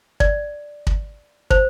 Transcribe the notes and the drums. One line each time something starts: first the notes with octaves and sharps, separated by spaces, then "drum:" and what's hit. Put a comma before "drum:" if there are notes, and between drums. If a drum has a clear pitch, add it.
D5, drum: kick
drum: kick
C5, drum: kick